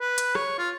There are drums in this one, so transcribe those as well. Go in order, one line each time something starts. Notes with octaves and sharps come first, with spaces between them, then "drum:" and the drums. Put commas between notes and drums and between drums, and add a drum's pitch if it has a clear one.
B4
drum: hi-hat
C#5, drum: rim click
F4